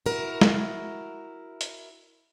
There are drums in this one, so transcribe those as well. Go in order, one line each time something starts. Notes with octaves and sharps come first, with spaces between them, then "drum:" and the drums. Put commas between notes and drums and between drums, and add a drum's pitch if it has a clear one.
E4 F#4 A#4
drum: snare
drum: hi-hat